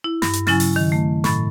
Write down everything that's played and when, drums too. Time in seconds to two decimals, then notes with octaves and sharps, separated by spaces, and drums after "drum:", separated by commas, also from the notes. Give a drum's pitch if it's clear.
0.04 E4
0.22 G2, drum: snare
0.33 drum: hi-hat
0.47 C#3 F#3 C#4 E4 G#5 A6, drum: snare
0.60 drum: open hi-hat
0.76 D#3
0.92 A3
1.24 A2 B5 A6, drum: snare